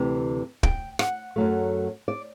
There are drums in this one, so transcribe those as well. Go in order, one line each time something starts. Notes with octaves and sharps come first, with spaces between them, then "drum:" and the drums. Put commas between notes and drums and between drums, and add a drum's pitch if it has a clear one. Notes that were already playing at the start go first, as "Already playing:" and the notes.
Already playing: D2 C3 E3
G5, drum: kick
F#5, drum: rim click
F#2 F#3 A3
D5